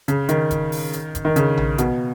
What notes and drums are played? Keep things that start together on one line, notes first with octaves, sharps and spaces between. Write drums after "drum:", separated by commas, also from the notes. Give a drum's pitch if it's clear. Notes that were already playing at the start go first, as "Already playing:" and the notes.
C#3, drum: hi-hat
D#3, drum: hi-hat
drum: kick F1, hi-hat
drum: open hi-hat
drum: hi-hat
drum: kick F1, hi-hat
D#3
C#3, drum: hi-hat
drum: tom A#1
B2, drum: hi-hat